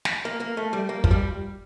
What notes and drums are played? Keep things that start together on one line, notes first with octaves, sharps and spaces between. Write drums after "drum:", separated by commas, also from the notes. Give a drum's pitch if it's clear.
drum: snare
A#3
A#3
A3
G3
A#3
F3, drum: kick
G3